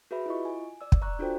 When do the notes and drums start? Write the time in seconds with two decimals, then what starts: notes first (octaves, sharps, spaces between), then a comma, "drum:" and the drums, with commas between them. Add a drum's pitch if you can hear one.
0.11 F#4 G#4 B4 E5 B5
0.26 E4 F4 D#5 C#6
0.45 G#5
0.81 D5 E6
0.92 drum: kick
1.02 D5 A#5 C#6 F#6
1.19 D4 F4 F#4 A4 C5 G5